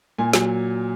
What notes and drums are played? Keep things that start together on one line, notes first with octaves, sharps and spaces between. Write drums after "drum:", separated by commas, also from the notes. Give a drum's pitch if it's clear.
A#2 G#5
F#3, drum: snare